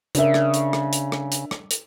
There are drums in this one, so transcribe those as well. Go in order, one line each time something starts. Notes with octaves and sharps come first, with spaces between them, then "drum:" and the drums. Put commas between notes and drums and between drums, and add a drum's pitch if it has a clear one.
C#3 D4 A#4 E5, drum: hi-hat
drum: rim click
drum: hi-hat
drum: rim click
drum: hi-hat
drum: rim click
drum: hi-hat
drum: rim click
drum: hi-hat